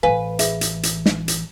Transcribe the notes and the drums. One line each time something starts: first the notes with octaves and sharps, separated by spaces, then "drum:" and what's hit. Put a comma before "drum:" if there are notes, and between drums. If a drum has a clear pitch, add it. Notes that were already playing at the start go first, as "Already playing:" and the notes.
A1 E3 B4 F5 G#5
G#4 E5, drum: hi-hat
drum: hi-hat
drum: hi-hat
drum: snare
drum: hi-hat